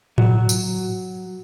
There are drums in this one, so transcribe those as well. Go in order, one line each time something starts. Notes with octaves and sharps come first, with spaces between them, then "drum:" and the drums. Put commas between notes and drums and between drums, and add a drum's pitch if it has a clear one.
F#3, drum: tom G#2
drum: tambourine